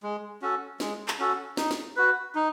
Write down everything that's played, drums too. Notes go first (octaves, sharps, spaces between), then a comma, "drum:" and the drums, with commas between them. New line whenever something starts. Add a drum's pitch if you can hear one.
G#3
C#4 F#4 A4
G#3, drum: snare
drum: clap
C#4 F#4 A4
D#4, drum: snare
drum: snare
F#4 B4
D#4